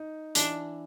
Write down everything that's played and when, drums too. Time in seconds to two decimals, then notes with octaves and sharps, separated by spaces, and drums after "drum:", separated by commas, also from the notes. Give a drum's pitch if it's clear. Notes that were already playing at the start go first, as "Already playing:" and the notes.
Already playing: D#4
0.35 E3 D4, drum: hi-hat